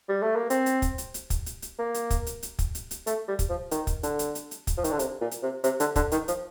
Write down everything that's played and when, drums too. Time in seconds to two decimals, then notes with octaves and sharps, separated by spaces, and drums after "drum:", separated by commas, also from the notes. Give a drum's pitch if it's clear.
0.08 G3
0.22 A3
0.36 A#3
0.50 C4, drum: hi-hat
0.66 drum: hi-hat
0.82 drum: kick, hi-hat
0.98 drum: hi-hat
1.14 drum: hi-hat
1.30 drum: kick, hi-hat
1.46 drum: hi-hat
1.62 drum: hi-hat
1.79 A#3
1.94 drum: hi-hat
2.10 drum: kick, hi-hat
2.27 drum: hi-hat
2.43 drum: hi-hat
2.59 drum: kick, hi-hat
2.75 drum: hi-hat
2.91 drum: hi-hat
3.07 A3, drum: hi-hat
3.28 G3
3.39 drum: kick, hi-hat
3.49 F3
3.71 D#3, drum: hi-hat
3.87 drum: kick, hi-hat
4.03 D3, drum: hi-hat
4.19 drum: hi-hat
4.35 drum: hi-hat
4.51 drum: hi-hat
4.67 drum: kick, hi-hat
4.77 F3
4.84 D#3, drum: hi-hat
4.92 D3
4.99 C3, drum: hi-hat
5.21 A#2
5.31 drum: hi-hat
5.43 C3
5.64 C3, drum: hi-hat
5.80 D3, drum: hi-hat
5.96 D3, drum: kick, hi-hat
6.12 D#3, drum: hi-hat
6.28 F3, drum: hi-hat